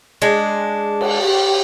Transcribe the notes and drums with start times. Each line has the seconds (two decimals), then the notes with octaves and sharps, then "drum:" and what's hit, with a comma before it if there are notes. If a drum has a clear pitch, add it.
0.22 G#3 D4
1.01 drum: cymbal
1.22 G4